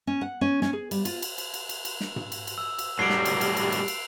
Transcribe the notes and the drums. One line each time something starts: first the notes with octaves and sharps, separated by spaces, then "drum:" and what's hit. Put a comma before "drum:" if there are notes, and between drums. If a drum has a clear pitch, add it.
C#4
F#5
C#4
C#4, drum: snare
G#4
G3, drum: cymbal
F4, drum: cymbal
drum: cymbal
drum: cymbal
drum: cymbal
drum: cymbal
drum: cymbal
drum: snare
drum: tom G#2
drum: cymbal
drum: cymbal
E6
drum: cymbal
A2 F#3 G3 C7 D7
drum: snare
drum: cymbal
drum: cymbal
drum: cymbal
drum: cymbal
drum: cymbal